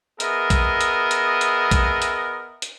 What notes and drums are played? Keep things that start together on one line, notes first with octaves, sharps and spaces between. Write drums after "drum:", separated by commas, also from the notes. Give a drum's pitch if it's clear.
B3 G#4 A#4 D#5 E5, drum: hi-hat
drum: kick, hi-hat
drum: hi-hat
drum: hi-hat
drum: hi-hat
drum: kick, hi-hat
drum: hi-hat
drum: hi-hat